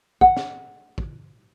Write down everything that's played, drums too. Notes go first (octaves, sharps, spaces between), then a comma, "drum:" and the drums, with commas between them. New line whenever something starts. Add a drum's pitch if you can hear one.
F#5, drum: kick
drum: snare
drum: kick